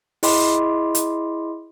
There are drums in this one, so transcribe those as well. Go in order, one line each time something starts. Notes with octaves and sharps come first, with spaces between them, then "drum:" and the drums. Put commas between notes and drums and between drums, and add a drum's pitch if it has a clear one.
E4 G#4 D#5 B5 C6 D6, drum: open hi-hat
drum: hi-hat